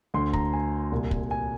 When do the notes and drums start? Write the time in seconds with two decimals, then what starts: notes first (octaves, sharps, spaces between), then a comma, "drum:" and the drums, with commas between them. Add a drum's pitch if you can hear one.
0.14 D2 D3 C6
0.33 A#5, drum: kick
0.53 G#5
0.92 C2 A#2
1.11 drum: kick
1.31 G#5